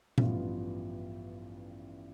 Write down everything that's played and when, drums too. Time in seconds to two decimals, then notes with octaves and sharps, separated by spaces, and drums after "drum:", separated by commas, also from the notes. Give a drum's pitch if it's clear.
0.18 A1 G2 F3 B3 F4, drum: tom A#2